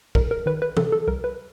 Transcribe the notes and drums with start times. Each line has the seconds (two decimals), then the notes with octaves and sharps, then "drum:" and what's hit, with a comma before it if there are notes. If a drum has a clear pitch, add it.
0.15 C2 A#4, drum: kick
0.31 A#4
0.46 D#3 B4
0.62 B4
0.77 C3 A4, drum: tom E3
0.92 A4
1.07 C2 A#4
1.24 B4